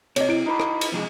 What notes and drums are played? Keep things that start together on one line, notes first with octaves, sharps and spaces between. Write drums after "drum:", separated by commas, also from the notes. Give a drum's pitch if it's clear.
C3 C#5 D#5, drum: cymbal
E4 D7
D#4 B4
drum: rim click
drum: cymbal
F2 C3 G#3